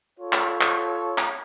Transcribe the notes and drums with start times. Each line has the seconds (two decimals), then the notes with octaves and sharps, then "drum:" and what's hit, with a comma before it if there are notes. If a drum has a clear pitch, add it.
0.19 F4 A4 C#5
0.33 drum: clap
0.61 drum: clap
1.18 drum: clap